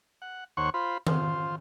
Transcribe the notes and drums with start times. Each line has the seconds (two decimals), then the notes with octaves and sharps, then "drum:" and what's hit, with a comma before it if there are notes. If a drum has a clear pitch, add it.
0.22 F#5
0.57 D#2 C5 C#5 F#5 C#6
0.74 F4 C5 B5
1.07 F4 C5, drum: tom D#3